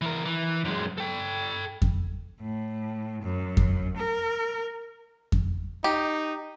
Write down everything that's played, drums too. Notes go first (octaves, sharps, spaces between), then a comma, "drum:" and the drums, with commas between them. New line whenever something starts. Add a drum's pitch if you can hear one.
E3 A#4
E3
F#2 G#3
A4 G5
drum: kick F2
A2
F#2
drum: kick F2
A#4
drum: kick F2
D#4 G4